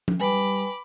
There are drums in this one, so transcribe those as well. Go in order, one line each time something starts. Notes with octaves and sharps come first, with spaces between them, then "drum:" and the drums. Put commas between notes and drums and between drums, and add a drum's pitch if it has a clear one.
drum: tom F3
G3 B4 G5 G#5 B5 D6